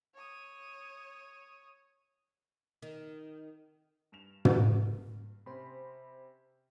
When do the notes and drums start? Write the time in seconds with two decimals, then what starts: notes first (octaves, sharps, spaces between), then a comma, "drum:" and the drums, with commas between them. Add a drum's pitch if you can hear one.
0.15 C#5 D#6
2.82 D#3
4.12 G2 E7 F7
4.45 drum: tom
5.46 C3 C#4 C5 B5